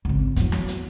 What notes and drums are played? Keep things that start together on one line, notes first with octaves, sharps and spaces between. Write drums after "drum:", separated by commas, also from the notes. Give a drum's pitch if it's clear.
G#1 C#2
E2 F#3, drum: kick, hi-hat
drum: snare
drum: hi-hat